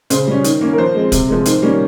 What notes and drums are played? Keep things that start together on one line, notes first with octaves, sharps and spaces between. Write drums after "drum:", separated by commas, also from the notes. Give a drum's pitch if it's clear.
C#3 C5, drum: hi-hat
G3 C#4
D#3, drum: hi-hat
A#3 C#4
A#4
F3 C5
G#3 C4
C3, drum: kick, hi-hat
F3 G#3
D#3 C5, drum: hi-hat
G3 A#3 C#4